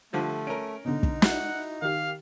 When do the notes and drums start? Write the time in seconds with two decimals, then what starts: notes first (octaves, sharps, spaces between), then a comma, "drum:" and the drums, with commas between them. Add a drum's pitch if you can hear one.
0.13 D3 F3 G3 A3
0.47 C#4 A#4 D7
0.85 B2 D3 D#4
1.03 drum: kick
1.22 E4 F#4 F#5, drum: snare
1.82 D#3 G4 F5